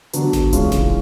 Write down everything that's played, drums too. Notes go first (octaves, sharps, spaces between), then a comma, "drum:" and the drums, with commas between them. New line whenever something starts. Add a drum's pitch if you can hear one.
D3 F#3 B3 D4, drum: hi-hat
drum: snare G#1
C#3 E3 G#3 C#4 F4, drum: kick D1, hi-hat
drum: snare G#1